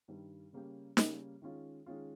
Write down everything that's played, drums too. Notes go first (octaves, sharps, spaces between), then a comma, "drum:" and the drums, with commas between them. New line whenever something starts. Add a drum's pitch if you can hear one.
G2 D#3 G3
C#3 G3 A#3 C#4 G4
C#3 G3 A#3 C#4 G4, drum: snare
D#3 G#3 C#4 F4
D#3 G#3 C#4 F4